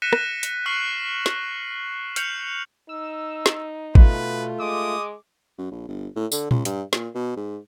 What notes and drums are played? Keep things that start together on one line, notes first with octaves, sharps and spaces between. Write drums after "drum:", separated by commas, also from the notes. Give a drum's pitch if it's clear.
F#6 A#6 B6 C#7 D#7 E7
drum: rim click
drum: hi-hat
C#6 F6 F#6 C7 F#7
drum: snare
F6 G6 C#7 F7 F#7, drum: hi-hat
D#4 E6
drum: snare
B2 A3 F4 B4, drum: kick
G#3 D6 D#6
F#2
A#1
G1
A2
D3, drum: tambourine
C#2, drum: tom A#2
G2, drum: hi-hat
A#2, drum: snare
B2
G#2